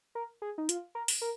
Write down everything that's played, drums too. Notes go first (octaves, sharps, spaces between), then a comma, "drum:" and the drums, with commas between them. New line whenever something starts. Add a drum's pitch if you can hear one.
A#4
G#4
D#4
F4, drum: hi-hat
A#4
drum: open hi-hat
A#4